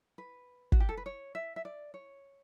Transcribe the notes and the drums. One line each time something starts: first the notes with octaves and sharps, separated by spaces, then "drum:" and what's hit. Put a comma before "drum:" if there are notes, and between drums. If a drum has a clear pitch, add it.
B4
F#4, drum: kick
G4
A4
B4
C#5
E5
E5
D5
C#5